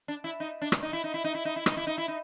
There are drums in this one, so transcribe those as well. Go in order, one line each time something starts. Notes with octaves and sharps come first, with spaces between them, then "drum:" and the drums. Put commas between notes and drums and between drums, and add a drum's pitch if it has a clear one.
D4
E4
D#4
D4
drum: rim click
D#4
E4
D#4
E4
D#4
E4
D#4
E4
D#4, drum: rim click
E4
D#4
E4
D#4